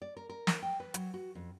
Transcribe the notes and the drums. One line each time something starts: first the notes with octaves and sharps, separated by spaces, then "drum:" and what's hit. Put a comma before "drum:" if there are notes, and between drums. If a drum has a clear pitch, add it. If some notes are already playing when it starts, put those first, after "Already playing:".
D5
A#4
A#4
drum: snare
G5
B4
F#3, drum: hi-hat
F#4
F2